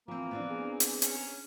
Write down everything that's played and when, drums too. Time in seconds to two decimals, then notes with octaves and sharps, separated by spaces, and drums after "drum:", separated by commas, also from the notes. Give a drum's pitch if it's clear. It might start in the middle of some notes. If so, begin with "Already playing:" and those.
0.08 E3 F3 A#3 C4
0.31 B3 C4 D4
0.50 G#4
0.80 drum: hi-hat
1.02 C#4, drum: hi-hat